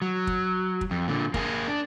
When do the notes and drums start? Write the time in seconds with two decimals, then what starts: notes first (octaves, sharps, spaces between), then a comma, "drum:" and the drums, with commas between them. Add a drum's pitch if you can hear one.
0.02 F#3
0.27 drum: kick
0.81 drum: kick
0.91 F2
1.08 A#2 D3
1.34 A#3 G#4, drum: kick
1.68 D4